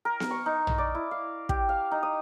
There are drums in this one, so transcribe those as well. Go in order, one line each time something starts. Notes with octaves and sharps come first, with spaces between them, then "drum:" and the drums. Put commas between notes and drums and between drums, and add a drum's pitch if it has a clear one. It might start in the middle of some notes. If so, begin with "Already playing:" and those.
A#4
drum: snare B3
C#6
D#4
drum: tom
D5
E4
F5
G4, drum: kick
F5
D#4
D#6